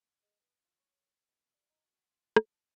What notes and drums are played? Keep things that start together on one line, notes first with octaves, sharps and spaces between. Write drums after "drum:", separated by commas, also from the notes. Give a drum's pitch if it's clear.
G#3
B3
F4
C#5
B2
G3
D#4
F#4
F4
A5, drum: rim click